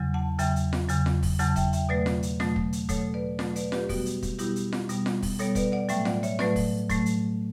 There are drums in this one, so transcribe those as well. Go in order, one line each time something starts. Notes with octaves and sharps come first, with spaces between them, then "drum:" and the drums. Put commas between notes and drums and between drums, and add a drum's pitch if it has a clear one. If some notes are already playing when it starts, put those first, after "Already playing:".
Already playing: E2 C#3 F#3
F#5 A5
E2 C#3 F#3 E5 G5, drum: hi-hat
drum: hi-hat
drum: snare F4
E2 C#3 F#3, drum: hi-hat
drum: snare F4
drum: kick, open hi-hat
E2 C#3 F#3 F#5 A5, drum: hi-hat
E5 G5, drum: kick, hi-hat
E5 G5, drum: hi-hat
B2 F#3 A3 B4 D5
drum: snare F4
drum: hi-hat
B2 F#3 A3, drum: snare F4
drum: kick
drum: hi-hat
B2 F#3 A3 A4 C#5, drum: kick, hi-hat
B4 D5
B2 F#3 A3, drum: snare F4
B4 D5, drum: hi-hat
G4 B4, drum: snare F4
B2 G3 B3 F#4, drum: kick, open hi-hat
drum: hi-hat
drum: kick, hi-hat
B2 G3 B3 E4 G4, drum: hi-hat
drum: hi-hat
drum: snare F4
B2 G3 B3, drum: hi-hat
drum: snare F4
drum: kick, open hi-hat
B2 G3 B3 A4 C#5, drum: hi-hat
B4 D5, drum: kick, hi-hat
D5 F#5
A2 F#3 A3 E5 G5, drum: hi-hat
D5 F#5, drum: snare F4
C#5 E5, drum: hi-hat
A2 F#3 A3 B4 D5, drum: snare F4
drum: kick, open hi-hat
A2 F#3 A3, drum: kick, hi-hat
drum: hi-hat